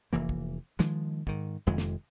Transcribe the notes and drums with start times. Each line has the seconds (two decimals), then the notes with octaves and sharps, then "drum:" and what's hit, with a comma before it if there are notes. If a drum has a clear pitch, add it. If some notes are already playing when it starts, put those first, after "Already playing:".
0.13 F1 E3 A#3
0.29 drum: kick
0.79 D#3 F3 G#3, drum: snare
1.27 G#2 D#3, drum: kick
1.66 F1 F2 D#3 G#3
1.78 drum: snare